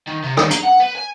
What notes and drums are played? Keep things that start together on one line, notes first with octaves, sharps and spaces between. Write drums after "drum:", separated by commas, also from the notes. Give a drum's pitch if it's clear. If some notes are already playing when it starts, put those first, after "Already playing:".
D#3
C3
D#3, drum: rim click
A#5, drum: hi-hat
F#5
B4
G#5